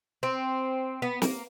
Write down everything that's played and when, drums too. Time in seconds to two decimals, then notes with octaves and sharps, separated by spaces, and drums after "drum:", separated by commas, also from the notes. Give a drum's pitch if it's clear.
0.23 C4
1.02 B3
1.22 A#3, drum: snare